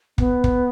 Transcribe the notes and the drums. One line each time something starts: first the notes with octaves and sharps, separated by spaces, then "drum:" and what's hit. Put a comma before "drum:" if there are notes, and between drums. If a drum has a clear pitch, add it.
B3, drum: kick
drum: kick